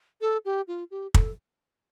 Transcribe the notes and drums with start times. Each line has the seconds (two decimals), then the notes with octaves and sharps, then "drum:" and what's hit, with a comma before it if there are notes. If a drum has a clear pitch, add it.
0.21 A4
0.45 G4
0.68 F4
0.91 G4
1.14 A4, drum: kick